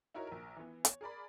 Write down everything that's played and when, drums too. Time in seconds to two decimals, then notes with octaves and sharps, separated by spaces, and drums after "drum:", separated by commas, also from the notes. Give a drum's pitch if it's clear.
0.14 D#4 E4 F#4 A#4 C#5
0.27 A#1 A#4
0.57 E3 B3
0.85 C#5, drum: hi-hat
1.01 G#4 A#4 D5 B5